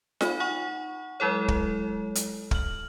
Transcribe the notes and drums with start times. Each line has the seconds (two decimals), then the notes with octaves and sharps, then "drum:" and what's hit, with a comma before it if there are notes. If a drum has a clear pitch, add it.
0.21 D#4 B5, drum: snare F4
0.40 D#4 F#5 C#6
1.20 F#3 G#3 E4 A4 C#5
1.48 drum: kick
2.15 drum: hi-hat
2.51 F6 F#7, drum: kick